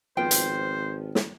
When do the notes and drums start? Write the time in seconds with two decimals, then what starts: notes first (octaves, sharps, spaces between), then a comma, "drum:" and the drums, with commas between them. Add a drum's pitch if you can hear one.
0.17 G#1 F3 B3 C5 G5
0.31 drum: hi-hat
1.15 drum: snare